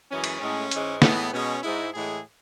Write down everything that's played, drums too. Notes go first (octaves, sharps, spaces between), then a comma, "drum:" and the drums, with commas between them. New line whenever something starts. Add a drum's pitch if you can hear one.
F#2 E3 G#3 C#4
drum: cymbal
A2 G#3 C#4
G#2 E3 G#3, drum: hi-hat
A2 E3 G#3 B3, drum: snare
B2 G#3 C#4
G#2 G#3 E4
A2 E3 G#3 G#4